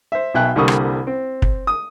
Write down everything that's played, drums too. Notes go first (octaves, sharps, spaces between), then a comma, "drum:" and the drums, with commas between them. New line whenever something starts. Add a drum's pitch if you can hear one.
C5 E5
B1 B2 E5 G5 G#5 F#6
C2 D3 G3 A#3 C#6 D#6
drum: rim click
C4
drum: kick
D#6